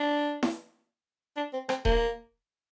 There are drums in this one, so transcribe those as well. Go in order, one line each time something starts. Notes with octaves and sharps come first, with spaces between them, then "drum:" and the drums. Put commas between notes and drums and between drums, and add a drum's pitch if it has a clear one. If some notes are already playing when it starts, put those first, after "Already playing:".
Already playing: D4
drum: snare E4
D4
C4
C4, drum: rim click
A#3, drum: kick D#1